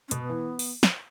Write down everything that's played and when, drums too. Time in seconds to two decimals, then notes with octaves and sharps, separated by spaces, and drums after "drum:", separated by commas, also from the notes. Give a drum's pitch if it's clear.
0.08 C#4
0.11 B2 B3, drum: hi-hat
0.30 E3
0.59 drum: open hi-hat
0.83 drum: snare